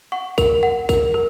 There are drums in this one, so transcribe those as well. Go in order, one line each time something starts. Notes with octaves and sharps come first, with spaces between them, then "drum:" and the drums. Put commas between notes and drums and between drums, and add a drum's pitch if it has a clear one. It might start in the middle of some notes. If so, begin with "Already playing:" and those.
F#5 C#6
A#4, drum: kick, tambourine
F#5
A#4, drum: kick, tambourine
A#4, drum: rim click